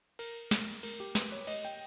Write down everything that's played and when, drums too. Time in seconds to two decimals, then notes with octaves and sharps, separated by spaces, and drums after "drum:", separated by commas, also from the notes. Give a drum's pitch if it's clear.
0.19 A#4, drum: cymbal
0.51 drum: snare
0.83 A#4, drum: cymbal
1.00 G4
1.15 B4, drum: snare
1.32 C#5
1.47 D#5, drum: cymbal
1.65 G5